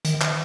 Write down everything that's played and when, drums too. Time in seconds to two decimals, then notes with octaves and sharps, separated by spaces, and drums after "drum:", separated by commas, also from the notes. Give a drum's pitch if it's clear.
0.05 D#3, drum: hi-hat
0.22 drum: clap